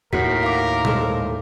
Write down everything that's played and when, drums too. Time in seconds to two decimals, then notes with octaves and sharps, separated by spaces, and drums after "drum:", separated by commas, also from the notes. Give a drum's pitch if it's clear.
0.13 D#2 A2 F#4 A#4 B6
0.43 F5 D6
0.85 G#3 A4 C5, drum: tom A#2